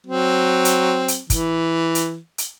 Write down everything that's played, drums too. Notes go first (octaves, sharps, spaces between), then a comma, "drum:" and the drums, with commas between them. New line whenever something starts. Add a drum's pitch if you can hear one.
F#3 C4
drum: hi-hat
drum: hi-hat
E3, drum: kick, hi-hat
drum: hi-hat
drum: hi-hat